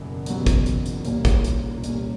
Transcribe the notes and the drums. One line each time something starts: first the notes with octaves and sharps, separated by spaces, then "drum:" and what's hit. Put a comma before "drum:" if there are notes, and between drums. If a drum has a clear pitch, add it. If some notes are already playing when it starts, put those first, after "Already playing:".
Already playing: F#1 E2 B2 F#3
F#1 E2 B2 F#3, drum: hi-hat
drum: kick, hi-hat
drum: hi-hat
drum: hi-hat
C2 A#2 G3 A#3 C#4, drum: hi-hat
drum: kick, hi-hat
drum: hi-hat
C2 A#2 G3 A#3 C#4, drum: hi-hat